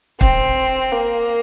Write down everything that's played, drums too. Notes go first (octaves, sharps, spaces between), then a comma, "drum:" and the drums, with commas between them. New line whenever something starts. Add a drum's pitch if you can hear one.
C4, drum: kick
A#3